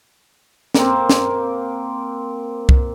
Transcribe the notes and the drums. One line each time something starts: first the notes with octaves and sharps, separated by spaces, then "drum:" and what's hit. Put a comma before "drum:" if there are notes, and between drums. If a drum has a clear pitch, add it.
A#3 C4, drum: snare
drum: snare
drum: kick C2